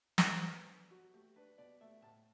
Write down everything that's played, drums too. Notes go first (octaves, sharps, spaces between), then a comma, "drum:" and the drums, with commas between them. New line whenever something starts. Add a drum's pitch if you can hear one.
G4, drum: snare
D4 A4
C5
B2 B4
D4
F#3 F#4
A3 G4
D4 B4
B2 D5
A3 E5
A2 A5